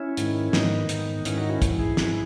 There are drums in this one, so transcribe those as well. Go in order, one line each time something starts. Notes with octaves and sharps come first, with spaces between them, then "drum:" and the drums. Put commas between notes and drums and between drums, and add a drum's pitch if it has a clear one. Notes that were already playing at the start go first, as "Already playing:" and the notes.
Already playing: C#4 E4
G#2 D#3, drum: hi-hat
G#2 D#3 B3 D#4, drum: snare
G#2 D#3, drum: hi-hat
G#2 D#3 C#4 E4, drum: hi-hat
D#4 F#4
C#4 E4
G#2 E3, drum: kick, hi-hat
E4 G#4
G#2 E3, drum: snare